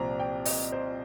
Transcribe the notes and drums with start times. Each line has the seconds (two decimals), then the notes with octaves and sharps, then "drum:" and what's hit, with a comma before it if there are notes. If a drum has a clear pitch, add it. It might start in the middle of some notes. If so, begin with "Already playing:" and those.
Already playing: C2 A#2 F3 C4 A#5
0.20 G5
0.45 D#5, drum: open hi-hat
0.72 C5